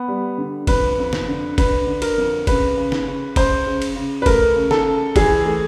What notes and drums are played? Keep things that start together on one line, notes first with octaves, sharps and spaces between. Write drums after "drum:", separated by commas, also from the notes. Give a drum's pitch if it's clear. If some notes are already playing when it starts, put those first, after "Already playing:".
Already playing: B3
G3
D3
F2 B4, drum: kick, cymbal
F2
drum: snare
D3
D3 B4, drum: kick, cymbal
D3
A#4, drum: cymbal
F2
C#3 B4, drum: kick, cymbal
C#3
drum: snare
C#3
C#3 C5, drum: kick, cymbal
C#3
drum: cymbal
C#3
B4
A3 A#4, drum: kick, cymbal
C#3
A4, drum: snare
C#3
E3 G#4, drum: kick, cymbal
A3